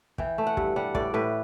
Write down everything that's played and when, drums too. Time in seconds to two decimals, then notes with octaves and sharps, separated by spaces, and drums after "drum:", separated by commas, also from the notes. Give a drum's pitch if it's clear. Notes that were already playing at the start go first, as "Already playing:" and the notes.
0.18 E3 G5, drum: kick
0.38 A3
0.47 F#5
0.57 G2, drum: kick
0.76 G3 F#5
0.95 A2 D5, drum: kick
1.14 A2 B4